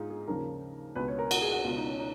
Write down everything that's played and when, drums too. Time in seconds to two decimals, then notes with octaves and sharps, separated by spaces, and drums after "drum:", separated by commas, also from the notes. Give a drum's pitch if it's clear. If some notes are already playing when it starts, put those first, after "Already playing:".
Already playing: G#2 D#4 F4 G#4
0.10 G#4
0.28 D#2 C#3 F3 A#4
0.96 C#2 B2 B4
1.08 C#5
1.19 A#4
1.31 F#4, drum: cymbal
1.42 G#4
1.53 F#4
1.64 C#2 B2 F4
1.77 D#4
1.87 C#4
1.99 D#4